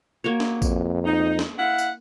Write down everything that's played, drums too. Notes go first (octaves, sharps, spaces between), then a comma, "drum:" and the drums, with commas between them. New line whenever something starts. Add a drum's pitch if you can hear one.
A#3 F#4 C#5
drum: snare
F2, drum: kick A#1, tambourine
D#4
drum: snare
E4 F5 F#5
drum: tambourine